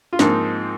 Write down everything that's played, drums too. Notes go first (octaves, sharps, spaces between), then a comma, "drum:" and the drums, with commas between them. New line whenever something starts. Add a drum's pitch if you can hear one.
F4
G#2 F3 A#3 C4 D#4, drum: snare